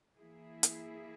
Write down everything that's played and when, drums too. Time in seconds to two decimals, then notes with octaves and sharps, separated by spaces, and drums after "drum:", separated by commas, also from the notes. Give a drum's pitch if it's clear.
0.16 E3 A#3 E4 G#4
0.63 drum: hi-hat